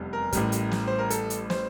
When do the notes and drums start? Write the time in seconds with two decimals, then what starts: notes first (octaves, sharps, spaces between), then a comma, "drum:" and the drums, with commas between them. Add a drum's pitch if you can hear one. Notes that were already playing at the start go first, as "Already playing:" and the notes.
Already playing: F1 E2 G3
0.13 A#4
0.32 A1 A2 G3, drum: kick, hi-hat
0.52 drum: hi-hat
0.71 drum: snare
0.87 C5
0.99 A#4
1.10 A4, drum: hi-hat
1.30 drum: hi-hat
1.50 C5, drum: snare